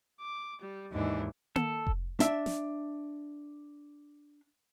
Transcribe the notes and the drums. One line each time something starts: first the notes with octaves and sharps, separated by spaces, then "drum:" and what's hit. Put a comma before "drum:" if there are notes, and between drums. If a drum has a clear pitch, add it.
D6
G3
D#2 G#2 E3 D4
A4, drum: tom A#3
drum: kick F1
D4 E5, drum: hi-hat
drum: snare